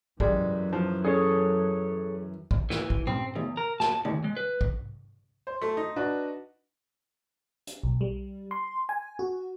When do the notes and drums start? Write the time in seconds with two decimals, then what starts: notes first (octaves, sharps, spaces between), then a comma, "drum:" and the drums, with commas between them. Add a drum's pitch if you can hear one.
0.20 F#2 E3 G3 G#3, drum: kick
0.73 F3
1.05 C#4 G#4 A4 C#5
2.51 drum: kick
2.70 E3, drum: snare
2.90 drum: kick
3.07 C4, drum: tom A#2
3.35 E2, drum: tom
3.57 A#4
3.80 A5, drum: snare
4.05 D#2, drum: tom
4.24 G#3
4.37 B4
4.61 drum: kick
5.47 C5
5.62 A3
5.77 D#4
5.96 D4 F#4 B4
7.67 drum: hi-hat
7.83 B1
8.01 G3
8.51 C6
8.89 G#5
9.19 F#4